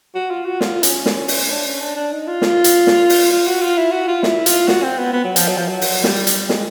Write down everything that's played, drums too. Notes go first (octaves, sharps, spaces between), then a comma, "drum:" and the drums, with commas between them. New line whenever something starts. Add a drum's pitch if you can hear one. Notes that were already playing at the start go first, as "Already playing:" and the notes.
F#4
F4
F#4
F4, drum: snare
C#4, drum: hi-hat
drum: snare
drum: open hi-hat
D4
C#4
D4
D4
D#4
F4
drum: snare
drum: hi-hat
drum: snare
drum: open hi-hat
F4
F#4
F4
E4
F#4
F4
E4, drum: snare
F4, drum: hi-hat
F#4, drum: snare
C4
B3
B3
F#3
F3, drum: hi-hat
F#3
F3
F#3
drum: open hi-hat
G3, drum: snare
drum: hi-hat
G#3, drum: snare